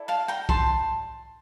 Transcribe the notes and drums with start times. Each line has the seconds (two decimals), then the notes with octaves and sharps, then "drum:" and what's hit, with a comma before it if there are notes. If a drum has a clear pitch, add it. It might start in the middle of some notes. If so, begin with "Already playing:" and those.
Already playing: E4 A4 D5
0.08 F5 A5
0.28 G5 A#5
0.49 A5 C6, drum: kick